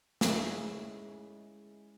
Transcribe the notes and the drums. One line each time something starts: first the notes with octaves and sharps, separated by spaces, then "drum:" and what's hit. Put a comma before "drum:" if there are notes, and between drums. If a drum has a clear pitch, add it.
G#3 C#4 E4, drum: snare